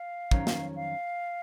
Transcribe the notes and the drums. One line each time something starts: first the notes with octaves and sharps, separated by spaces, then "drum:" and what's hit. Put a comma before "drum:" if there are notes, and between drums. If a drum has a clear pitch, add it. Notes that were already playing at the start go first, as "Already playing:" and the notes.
Already playing: F5
F2 D#3 F#3 C#4, drum: kick
drum: snare
F5